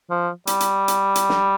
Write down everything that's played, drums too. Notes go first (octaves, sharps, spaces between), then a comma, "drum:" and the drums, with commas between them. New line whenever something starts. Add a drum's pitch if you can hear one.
F3
G3, drum: hi-hat
drum: hi-hat
drum: hi-hat
drum: hi-hat
drum: snare